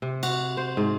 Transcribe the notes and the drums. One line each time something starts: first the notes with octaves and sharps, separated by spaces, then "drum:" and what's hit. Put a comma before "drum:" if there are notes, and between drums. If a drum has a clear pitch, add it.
C3
F#4, drum: cymbal
C5
G#2